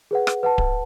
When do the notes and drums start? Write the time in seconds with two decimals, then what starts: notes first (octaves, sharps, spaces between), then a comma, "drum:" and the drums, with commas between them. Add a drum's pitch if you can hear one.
0.11 G#4 B4 F#5
0.27 drum: rim click
0.43 B4 F#5 A5
0.58 drum: kick D1